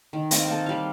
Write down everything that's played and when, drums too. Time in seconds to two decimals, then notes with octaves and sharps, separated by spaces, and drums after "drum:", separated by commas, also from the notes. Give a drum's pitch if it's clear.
0.13 D#3
0.31 A#3 C4 D#5 G5, drum: hi-hat
0.48 A#3 A4 A5
0.66 G3 F5